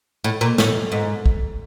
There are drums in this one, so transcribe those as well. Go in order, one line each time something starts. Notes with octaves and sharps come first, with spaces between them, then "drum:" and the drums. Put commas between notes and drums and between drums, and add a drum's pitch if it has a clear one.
A2
A#2
A2, drum: snare
G#2
drum: kick